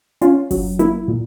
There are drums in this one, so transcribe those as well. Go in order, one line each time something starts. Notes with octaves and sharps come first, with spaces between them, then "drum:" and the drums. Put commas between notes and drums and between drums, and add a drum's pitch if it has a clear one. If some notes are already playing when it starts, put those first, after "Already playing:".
C#4 F4, drum: hi-hat
F#3, drum: kick F#1, open hi-hat
A#3 E4, drum: hi-hat
A#2